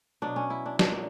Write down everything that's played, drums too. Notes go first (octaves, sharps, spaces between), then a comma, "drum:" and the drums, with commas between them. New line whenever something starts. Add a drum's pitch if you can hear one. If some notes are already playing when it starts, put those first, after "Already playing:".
B2 F#3 D4
C#4
E4
D4
A#2 F#3 D4, drum: snare